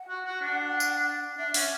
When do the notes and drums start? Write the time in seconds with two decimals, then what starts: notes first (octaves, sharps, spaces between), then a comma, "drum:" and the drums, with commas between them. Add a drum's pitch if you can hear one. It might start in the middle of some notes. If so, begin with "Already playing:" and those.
Already playing: F#5
0.09 F#4
0.25 F#4
0.41 D4
0.80 drum: tambourine
1.38 D4 E5
1.54 C#4 F#5, drum: open hi-hat